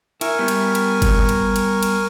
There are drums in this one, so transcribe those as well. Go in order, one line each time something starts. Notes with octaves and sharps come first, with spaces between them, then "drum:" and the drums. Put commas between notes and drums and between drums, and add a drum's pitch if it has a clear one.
E4 A#4 G#5 C#6, drum: cymbal
G3 B3
drum: cymbal
drum: cymbal
drum: kick G1, cymbal
drum: cymbal
drum: cymbal
drum: cymbal